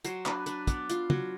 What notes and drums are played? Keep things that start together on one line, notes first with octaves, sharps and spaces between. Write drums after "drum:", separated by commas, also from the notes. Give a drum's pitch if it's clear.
F#3 C5, drum: hi-hat
D4 B4, drum: clap
D4 B4, drum: hi-hat
B3 D5, drum: kick, hi-hat
F4, drum: hi-hat
F#3, drum: tom